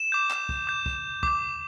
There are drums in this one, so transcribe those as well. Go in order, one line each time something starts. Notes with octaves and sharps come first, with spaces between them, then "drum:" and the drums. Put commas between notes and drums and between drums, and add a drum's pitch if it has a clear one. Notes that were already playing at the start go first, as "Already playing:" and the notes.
Already playing: E7
D6 G6
drum: clap
drum: kick
D6 G6
drum: kick
D6 G6, drum: kick